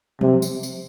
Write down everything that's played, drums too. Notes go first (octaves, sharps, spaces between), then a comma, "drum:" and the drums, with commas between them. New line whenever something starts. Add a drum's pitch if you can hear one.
C3, drum: tom F3
drum: tambourine
drum: tambourine